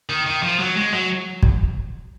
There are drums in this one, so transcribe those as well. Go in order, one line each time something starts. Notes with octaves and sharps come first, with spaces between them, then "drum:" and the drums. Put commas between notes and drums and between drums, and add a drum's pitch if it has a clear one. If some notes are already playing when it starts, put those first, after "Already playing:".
D#3
D#3
F3
F#3
G#3
F#3
drum: kick